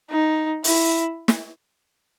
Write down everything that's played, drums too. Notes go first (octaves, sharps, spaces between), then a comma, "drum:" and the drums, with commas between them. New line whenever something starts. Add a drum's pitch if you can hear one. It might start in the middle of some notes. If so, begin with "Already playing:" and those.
D#4
E4, drum: open hi-hat
drum: snare